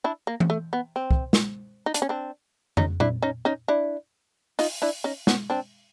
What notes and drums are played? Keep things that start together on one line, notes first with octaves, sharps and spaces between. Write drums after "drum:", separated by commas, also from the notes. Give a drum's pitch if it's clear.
D4 E4
A#3
drum: tom E3
A3
B3
C4
drum: kick
drum: snare
D#4
D4, drum: hi-hat
C#4
C4 D4
C#4 D#4, drum: tom F2
D4 E4, drum: tom
C#4 D#4
C#4 D#4
D4 E4
D#4 F4, drum: open hi-hat
D4 E4
C#4 D#4
B3 C#4, drum: snare
C4 D4